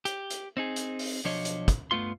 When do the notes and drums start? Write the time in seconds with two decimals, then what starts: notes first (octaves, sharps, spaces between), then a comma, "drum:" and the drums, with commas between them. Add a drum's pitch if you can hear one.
0.05 G4, drum: hi-hat
0.30 drum: hi-hat
0.57 C4 D#4 G#4
0.76 drum: hi-hat
0.99 drum: open hi-hat
1.24 B1 F3 D4 F#4 C#5 D#5
1.45 drum: hi-hat
1.68 drum: kick, hi-hat
1.91 G2 A3 B3 F4 C6